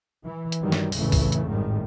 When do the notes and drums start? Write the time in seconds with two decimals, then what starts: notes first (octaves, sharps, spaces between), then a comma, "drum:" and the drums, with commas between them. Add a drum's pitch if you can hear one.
0.24 E3
0.52 drum: hi-hat
0.62 G2 D#3 F#3 G3
0.72 drum: snare
0.92 A1 F2 A2 C#3 E3 A3, drum: open hi-hat
1.12 drum: kick, open hi-hat
1.32 drum: hi-hat
1.47 G#1 A2 D#3 G3